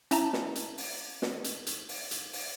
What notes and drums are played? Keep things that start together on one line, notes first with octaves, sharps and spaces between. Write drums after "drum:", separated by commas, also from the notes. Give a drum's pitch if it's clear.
C#4 E4 E5 A5 A#5, drum: hi-hat
drum: snare
drum: hi-hat
drum: open hi-hat
drum: snare
drum: hi-hat
drum: hi-hat
drum: open hi-hat
drum: hi-hat
drum: open hi-hat